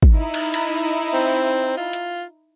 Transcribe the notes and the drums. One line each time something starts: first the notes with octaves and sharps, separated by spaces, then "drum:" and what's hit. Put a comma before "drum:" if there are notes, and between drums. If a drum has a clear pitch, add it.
drum: kick
D#4 E4
drum: cymbal
drum: cymbal
C4
F4
drum: hi-hat